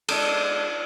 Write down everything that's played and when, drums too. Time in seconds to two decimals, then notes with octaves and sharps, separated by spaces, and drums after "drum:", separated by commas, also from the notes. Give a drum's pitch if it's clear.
0.08 G#3 D4 A4, drum: cymbal